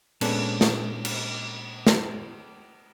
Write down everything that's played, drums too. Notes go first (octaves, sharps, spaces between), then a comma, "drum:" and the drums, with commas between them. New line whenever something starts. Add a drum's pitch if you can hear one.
A#2 G#3 B3 C#4 D4 A4, drum: cymbal
drum: snare
drum: cymbal
drum: snare